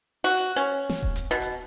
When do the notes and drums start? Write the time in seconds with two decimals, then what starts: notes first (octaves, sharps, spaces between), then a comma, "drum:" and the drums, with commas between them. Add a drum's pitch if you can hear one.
0.24 F#4
0.37 drum: hi-hat
0.56 C#4
0.89 drum: snare
1.03 drum: kick D#1
1.16 drum: hi-hat
1.31 B2
1.42 drum: hi-hat